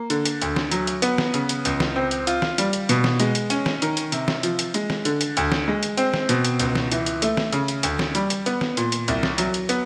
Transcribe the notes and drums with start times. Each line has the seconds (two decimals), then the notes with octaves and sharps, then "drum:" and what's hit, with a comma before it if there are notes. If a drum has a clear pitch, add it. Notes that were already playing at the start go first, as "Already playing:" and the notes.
Already playing: A#3
0.10 D3, drum: hi-hat
0.25 drum: hi-hat
0.42 D2, drum: hi-hat
0.56 drum: snare
0.71 F#3, drum: hi-hat
0.87 drum: hi-hat
1.02 B3, drum: hi-hat
1.18 drum: snare
1.34 C#3, drum: hi-hat
1.49 drum: hi-hat
1.65 C#2, drum: hi-hat
1.80 drum: snare
1.96 C4
2.11 drum: hi-hat
2.27 F4, drum: hi-hat
2.42 drum: snare
2.58 G3, drum: hi-hat
2.73 drum: hi-hat
2.89 B2, drum: hi-hat
3.04 drum: snare
3.20 G#3, drum: hi-hat
3.35 drum: hi-hat
3.50 C#4, drum: hi-hat
3.66 drum: snare
3.82 D#3, drum: hi-hat
3.97 drum: hi-hat
4.12 C3, drum: hi-hat
4.28 drum: snare
4.43 F3, drum: hi-hat
4.59 drum: hi-hat
4.74 G#3, drum: hi-hat
4.90 drum: snare
5.05 D3, drum: hi-hat
5.21 drum: hi-hat
5.37 D2, drum: hi-hat
5.52 drum: snare
5.68 G#3
5.83 drum: hi-hat
5.97 C4, drum: hi-hat
6.14 drum: snare
6.29 B2, drum: hi-hat
6.45 drum: hi-hat
6.59 C#2, drum: hi-hat
6.75 drum: snare
6.92 E3, drum: hi-hat
7.06 drum: hi-hat
7.22 A3, drum: hi-hat
7.37 drum: snare
7.53 C#3, drum: hi-hat
7.68 drum: hi-hat
7.83 D2, drum: hi-hat
7.99 drum: snare
8.15 G3, drum: hi-hat
8.30 drum: hi-hat
8.46 B3, drum: hi-hat
8.61 drum: snare
8.77 A#2, drum: hi-hat
8.92 drum: hi-hat
9.08 C2, drum: hi-hat
9.23 drum: snare
9.38 F#3, drum: hi-hat
9.54 drum: hi-hat
9.69 B3, drum: hi-hat